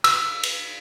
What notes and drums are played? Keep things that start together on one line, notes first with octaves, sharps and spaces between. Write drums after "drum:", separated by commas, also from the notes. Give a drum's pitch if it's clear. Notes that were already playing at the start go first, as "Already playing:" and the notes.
E6, drum: cymbal
drum: cymbal